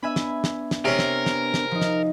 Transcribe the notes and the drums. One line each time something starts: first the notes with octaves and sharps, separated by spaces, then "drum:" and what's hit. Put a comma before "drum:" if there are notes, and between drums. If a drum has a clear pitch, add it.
B3 D4 E5 G#5 B5
drum: snare
drum: snare
drum: snare
C3 C#4 A#4
drum: snare
drum: snare
drum: snare
F3 D#4
drum: snare